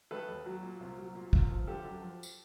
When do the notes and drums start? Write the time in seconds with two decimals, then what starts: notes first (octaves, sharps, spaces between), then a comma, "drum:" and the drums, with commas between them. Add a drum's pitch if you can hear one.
0.11 D#3 A4 B4
0.28 D#2
0.46 F#3
0.62 A#2
0.81 C2
0.98 F#3
1.15 A#2
1.33 C2, drum: kick
1.50 F3
1.67 D3 G4 A4
1.85 F#2
2.02 F3
2.23 drum: tambourine